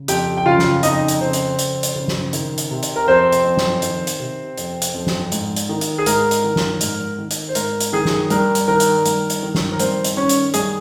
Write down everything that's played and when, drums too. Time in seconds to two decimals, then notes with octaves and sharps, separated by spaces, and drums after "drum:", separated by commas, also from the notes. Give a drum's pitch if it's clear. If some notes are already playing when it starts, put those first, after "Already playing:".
Already playing: C#3
0.08 F2 G4 G5, drum: hi-hat
0.37 G5
0.46 C#3 F4 F5
0.59 drum: snare
0.83 F2 D#4 D#5, drum: hi-hat
1.08 drum: hi-hat
1.21 C#3 C4 C5
1.33 drum: hi-hat
1.59 F2, drum: hi-hat
1.83 drum: hi-hat
1.96 C#3
2.08 drum: snare
2.33 D#3, drum: hi-hat
2.58 drum: hi-hat
2.71 C3
2.83 drum: hi-hat
2.96 A#4
3.07 F2 C4 C5
3.32 drum: hi-hat
3.44 F2
3.57 drum: snare
3.82 D#3, drum: hi-hat
4.07 drum: hi-hat
4.19 C3
4.58 F2, drum: hi-hat
4.82 drum: hi-hat
4.94 F2
5.07 drum: snare
5.32 G#2, drum: hi-hat
5.56 drum: hi-hat
5.69 D#3
5.81 drum: hi-hat
5.98 G#4
6.06 G#2 A#4, drum: hi-hat
6.31 drum: hi-hat
6.44 D#3
6.56 drum: snare
6.81 G#2, drum: hi-hat
7.18 D#3
7.31 drum: hi-hat
7.49 C5
7.55 G#2 A#4, drum: hi-hat
7.80 drum: hi-hat
7.93 D#3 G#4
8.05 drum: snare
8.30 G2 A#4, drum: hi-hat
8.55 drum: hi-hat
8.68 D#3 A#4
8.80 drum: hi-hat
9.06 G2, drum: hi-hat
9.30 drum: hi-hat
9.43 D#3
9.55 drum: snare
9.72 A#4
9.80 G2 C4 C5, drum: hi-hat
10.04 drum: hi-hat
10.17 D#3 C#4 C#5
10.29 drum: hi-hat
10.54 G2 G#4 G#5, drum: hi-hat